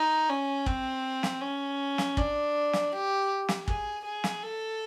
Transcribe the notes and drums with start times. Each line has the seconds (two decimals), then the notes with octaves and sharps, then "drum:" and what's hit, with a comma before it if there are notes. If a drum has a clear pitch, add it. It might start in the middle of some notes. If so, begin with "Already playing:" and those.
Already playing: D#4
0.29 C#4
0.66 C4, drum: kick
1.23 drum: snare
1.41 C#4
1.98 drum: snare
2.17 D4, drum: kick
2.73 drum: snare
2.92 G4
3.49 drum: snare
3.68 G#4, drum: kick
4.04 G#4
4.24 drum: snare
4.43 A4